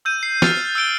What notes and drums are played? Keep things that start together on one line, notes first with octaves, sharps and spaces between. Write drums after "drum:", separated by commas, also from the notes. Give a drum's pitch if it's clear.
E6 G6 D#7
C7
F6 A6 C7 F7, drum: snare
E6 F#6 D7 G7